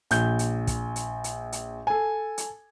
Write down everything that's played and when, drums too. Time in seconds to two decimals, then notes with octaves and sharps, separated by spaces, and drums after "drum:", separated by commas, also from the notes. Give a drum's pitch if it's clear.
0.11 A#1 G6, drum: hi-hat
0.39 drum: hi-hat
0.67 drum: kick, hi-hat
0.96 drum: hi-hat
1.24 drum: hi-hat
1.52 drum: hi-hat
1.87 A4 G#5
2.38 drum: hi-hat